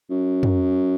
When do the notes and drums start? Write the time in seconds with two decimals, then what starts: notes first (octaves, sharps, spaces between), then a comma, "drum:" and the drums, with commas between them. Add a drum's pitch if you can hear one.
0.10 F#2
0.43 drum: tom